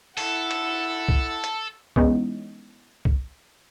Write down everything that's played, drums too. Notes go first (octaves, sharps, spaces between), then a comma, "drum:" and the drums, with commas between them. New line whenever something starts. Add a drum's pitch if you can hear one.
E4 A4 F#5, drum: open hi-hat
drum: cymbal
drum: kick C2
drum: hi-hat
E3 G#3 B3 C#4 D#4, drum: kick C2
drum: kick C2